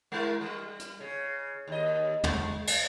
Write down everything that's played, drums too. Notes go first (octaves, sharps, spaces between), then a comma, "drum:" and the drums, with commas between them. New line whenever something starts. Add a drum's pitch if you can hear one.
G#3 E4 A#4
G3
drum: hi-hat
C#3
D#2 D#5
G#3, drum: tom
drum: cymbal